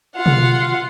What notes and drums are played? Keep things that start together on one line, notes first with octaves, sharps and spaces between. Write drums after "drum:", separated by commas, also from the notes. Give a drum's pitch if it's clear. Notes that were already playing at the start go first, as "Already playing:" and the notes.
F4 F#5
drum: tom B2